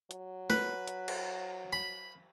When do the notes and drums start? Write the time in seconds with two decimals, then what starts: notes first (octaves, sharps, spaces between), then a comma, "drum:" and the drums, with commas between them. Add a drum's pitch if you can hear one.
0.11 F#3, drum: hi-hat
0.50 B4, drum: snare
0.88 drum: hi-hat
1.08 drum: cymbal
1.73 B5